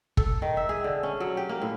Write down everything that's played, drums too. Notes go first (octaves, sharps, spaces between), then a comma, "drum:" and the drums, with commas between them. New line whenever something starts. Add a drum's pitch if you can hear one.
A4, drum: kick
D#3
E5
G#4
D3
C#4
F#3
G4
A#3
A2